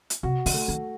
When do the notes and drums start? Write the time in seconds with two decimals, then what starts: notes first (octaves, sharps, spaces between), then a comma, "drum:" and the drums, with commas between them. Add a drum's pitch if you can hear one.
0.10 drum: hi-hat
0.23 C3 F#4
0.46 D3, drum: open hi-hat
0.54 A3
0.68 D#3